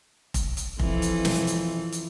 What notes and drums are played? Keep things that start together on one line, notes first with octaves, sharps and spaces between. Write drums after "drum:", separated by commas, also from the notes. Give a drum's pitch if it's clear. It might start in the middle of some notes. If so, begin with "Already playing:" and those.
drum: kick F1, hi-hat
drum: hi-hat
F2 E3, drum: kick F1
drum: hi-hat
drum: snare
drum: hi-hat
drum: hi-hat